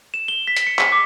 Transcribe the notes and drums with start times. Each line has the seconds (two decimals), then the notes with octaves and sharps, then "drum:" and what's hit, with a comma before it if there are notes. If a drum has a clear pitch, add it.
0.14 E7
0.28 G7
0.47 B6
0.57 drum: hi-hat
0.67 C#7
0.79 B6, drum: clap
0.92 D6